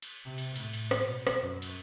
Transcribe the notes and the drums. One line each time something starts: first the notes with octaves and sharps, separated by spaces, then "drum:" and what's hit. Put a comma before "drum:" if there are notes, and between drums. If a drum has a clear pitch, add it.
drum: cymbal
C3
drum: cymbal
A2, drum: cymbal
drum: cymbal
drum: rim click
B2
drum: rim click
F#2
drum: cymbal